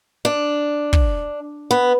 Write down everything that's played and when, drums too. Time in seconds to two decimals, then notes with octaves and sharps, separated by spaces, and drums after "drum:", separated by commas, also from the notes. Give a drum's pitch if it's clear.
0.25 D4
0.93 drum: kick
1.71 B3